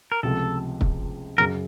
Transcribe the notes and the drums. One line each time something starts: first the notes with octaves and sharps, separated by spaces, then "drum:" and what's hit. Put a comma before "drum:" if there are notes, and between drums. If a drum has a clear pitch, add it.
A#4
C#2 C3 F3 A3 A4
drum: kick
F#2 C#3 F#3 A#4